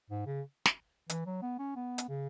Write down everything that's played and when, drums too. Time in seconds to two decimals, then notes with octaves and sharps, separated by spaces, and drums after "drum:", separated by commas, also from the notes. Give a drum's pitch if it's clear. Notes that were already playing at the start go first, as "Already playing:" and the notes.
0.10 G#2
0.27 C#3
0.66 drum: snare
1.10 E3, drum: hi-hat
1.26 F#3
1.43 B3
1.59 C#4
1.76 B3
1.98 drum: hi-hat
2.09 C#3